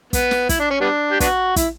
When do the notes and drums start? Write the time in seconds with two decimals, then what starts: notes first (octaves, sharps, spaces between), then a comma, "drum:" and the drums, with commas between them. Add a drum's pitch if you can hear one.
0.13 B3, drum: kick, hi-hat
0.31 drum: snare
0.49 E4, drum: kick, hi-hat
0.59 D4
0.70 C#4
0.81 G3 B3 D4
1.11 G4
1.20 B3 D4 F#4, drum: kick, hi-hat
1.56 E4, drum: kick, hi-hat